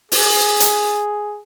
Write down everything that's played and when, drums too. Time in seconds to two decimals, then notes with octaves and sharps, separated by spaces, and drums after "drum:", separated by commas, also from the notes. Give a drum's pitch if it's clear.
0.12 G#4, drum: open hi-hat
0.60 drum: hi-hat